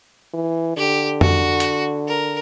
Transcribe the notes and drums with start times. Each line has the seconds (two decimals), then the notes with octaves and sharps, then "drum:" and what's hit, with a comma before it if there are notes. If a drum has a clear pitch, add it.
0.34 E3
0.77 D3 G4
1.21 F#4, drum: tom F2
1.60 drum: hi-hat
2.08 A#4